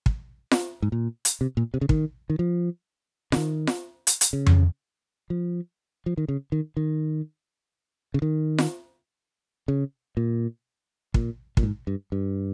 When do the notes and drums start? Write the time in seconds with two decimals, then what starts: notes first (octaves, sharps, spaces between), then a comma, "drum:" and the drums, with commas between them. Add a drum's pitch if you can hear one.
0.06 drum: kick
0.51 drum: snare F4
0.82 G#2
0.92 A#2
1.25 drum: hi-hat
1.41 C3
1.57 A#2
1.74 C3
1.81 C#3
1.89 D#3, drum: kick
2.30 D#3
2.39 F3
3.32 C#3, drum: snare F4
3.36 D#3
3.67 drum: snare F4
4.07 drum: hi-hat
4.21 drum: hi-hat
4.33 C#3
4.46 drum: tom F2
5.30 F3
6.06 F3
6.17 D#3
6.28 C#3
6.52 D#3
6.77 D#3
8.14 C#3
8.22 D#3
8.58 drum: snare F4
9.68 C#3
10.17 A#2
11.14 A#2, drum: kick
11.57 A#2, drum: kick
11.63 G#2
11.87 G2
12.12 G2